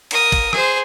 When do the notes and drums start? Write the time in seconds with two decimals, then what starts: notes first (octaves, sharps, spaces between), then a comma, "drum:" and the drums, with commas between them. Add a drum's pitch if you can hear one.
0.11 A#4 D#6, drum: cymbal
0.32 drum: kick, cymbal
0.53 G#4 C5, drum: rim click